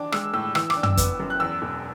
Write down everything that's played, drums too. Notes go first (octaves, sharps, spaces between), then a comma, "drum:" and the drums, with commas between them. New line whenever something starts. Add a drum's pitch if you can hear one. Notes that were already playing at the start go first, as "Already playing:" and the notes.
Already playing: E3 D4 D6
G#3 E6, drum: rim click
A2 E6
E3 E6, drum: rim click
D6, drum: rim click
D4
E6, drum: tom
B3, drum: kick, hi-hat
F#2
F#6
E2 E6
E1